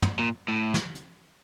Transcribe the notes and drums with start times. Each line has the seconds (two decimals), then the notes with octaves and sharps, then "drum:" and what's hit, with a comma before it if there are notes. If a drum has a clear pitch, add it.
0.02 drum: tom
0.19 A#2
0.48 A2
0.74 drum: snare
0.95 drum: hi-hat